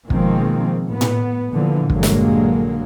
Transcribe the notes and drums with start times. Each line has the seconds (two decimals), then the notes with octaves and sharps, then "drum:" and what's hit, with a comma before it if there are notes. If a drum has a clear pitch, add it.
0.10 B2 D#3 F3 G#3 A#3 C4, drum: kick
0.87 A2 B3
1.01 drum: tom A2
1.53 A#2 D3 E3 F3
1.90 A#1 G2 D3 F#3 G#3 A#3, drum: kick
2.03 drum: snare